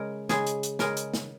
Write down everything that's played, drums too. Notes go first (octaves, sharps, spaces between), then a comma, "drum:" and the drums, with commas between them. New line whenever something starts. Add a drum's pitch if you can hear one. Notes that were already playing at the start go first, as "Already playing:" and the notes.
Already playing: C#3 G#3 A#4
C#3 G#3 G#4, drum: snare
drum: hi-hat
drum: hi-hat
C#3 G#3 A#4, drum: snare
drum: hi-hat
drum: snare